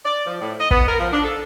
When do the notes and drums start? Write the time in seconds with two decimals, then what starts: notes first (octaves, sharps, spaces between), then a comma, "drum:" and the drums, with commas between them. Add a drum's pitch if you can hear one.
0.04 D5
0.26 F3
0.41 A2
0.60 D#5
0.71 B3, drum: kick
0.87 A#4
1.00 F3
1.12 D4
1.24 A4